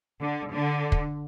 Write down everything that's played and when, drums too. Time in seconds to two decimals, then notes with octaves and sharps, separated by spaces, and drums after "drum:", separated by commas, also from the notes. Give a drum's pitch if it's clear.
0.21 D3
0.51 D3
0.92 drum: kick